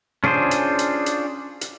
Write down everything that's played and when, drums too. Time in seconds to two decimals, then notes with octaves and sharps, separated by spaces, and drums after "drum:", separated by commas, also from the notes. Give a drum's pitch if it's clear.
0.24 C#4 D4 F4 G#4 C5, drum: tom
0.51 drum: hi-hat
0.79 drum: hi-hat
1.06 drum: hi-hat
1.61 drum: hi-hat